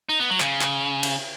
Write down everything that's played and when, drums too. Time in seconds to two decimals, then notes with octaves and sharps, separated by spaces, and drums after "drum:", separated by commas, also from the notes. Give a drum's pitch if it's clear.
0.09 D#4
0.20 B3
0.30 F#3
0.40 C#3, drum: clap
0.62 drum: clap
1.03 drum: cymbal